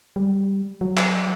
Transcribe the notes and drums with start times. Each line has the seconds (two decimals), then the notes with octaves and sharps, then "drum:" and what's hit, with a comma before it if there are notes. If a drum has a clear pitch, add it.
0.16 G3
0.81 F#3
0.97 drum: clap